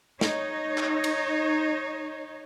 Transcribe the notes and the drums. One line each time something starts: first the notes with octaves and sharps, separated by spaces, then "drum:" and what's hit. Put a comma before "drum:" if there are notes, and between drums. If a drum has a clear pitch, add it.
D#4 C#5, drum: snare
drum: clap
drum: cymbal